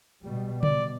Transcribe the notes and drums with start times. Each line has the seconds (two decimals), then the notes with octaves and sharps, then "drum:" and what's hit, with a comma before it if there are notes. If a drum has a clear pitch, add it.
0.23 B2 G3
0.63 B2 D5, drum: tom C#3